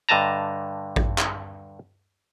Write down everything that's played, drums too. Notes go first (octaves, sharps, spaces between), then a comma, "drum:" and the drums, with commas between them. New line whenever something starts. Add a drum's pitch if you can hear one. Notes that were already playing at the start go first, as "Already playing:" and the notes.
G2 D3 D#5 A5 A#5
drum: kick A1
drum: clap